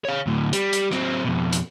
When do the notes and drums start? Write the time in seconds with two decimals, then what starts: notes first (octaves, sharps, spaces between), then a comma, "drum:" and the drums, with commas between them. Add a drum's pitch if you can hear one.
0.05 C#5 F5
0.27 D2 A2
0.53 G3, drum: hi-hat
0.73 drum: hi-hat
0.92 F#3 C4, drum: rim click
1.25 F2 B2
1.53 drum: hi-hat